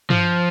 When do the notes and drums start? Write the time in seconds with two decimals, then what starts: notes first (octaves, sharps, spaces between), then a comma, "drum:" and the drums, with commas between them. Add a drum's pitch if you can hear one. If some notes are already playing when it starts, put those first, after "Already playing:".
0.10 F3, drum: tom G2